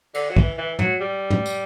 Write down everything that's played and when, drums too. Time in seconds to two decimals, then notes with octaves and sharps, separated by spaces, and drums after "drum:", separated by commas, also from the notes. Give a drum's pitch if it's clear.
0.14 D3, drum: cymbal
0.29 F#3
0.36 E3, drum: kick
0.58 E3
0.79 F#3, drum: tom
1.01 G3
1.30 drum: tom
1.46 drum: tambourine